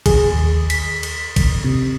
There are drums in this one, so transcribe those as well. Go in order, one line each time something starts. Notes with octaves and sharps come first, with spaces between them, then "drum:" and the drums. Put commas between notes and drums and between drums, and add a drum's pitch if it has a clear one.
G#4, drum: kick A1, cymbal
D#2
B6, drum: cymbal
drum: cymbal
drum: kick A1, cymbal
C3